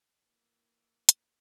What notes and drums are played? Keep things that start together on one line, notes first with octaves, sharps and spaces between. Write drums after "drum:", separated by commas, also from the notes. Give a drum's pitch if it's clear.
E3 A#3
drum: hi-hat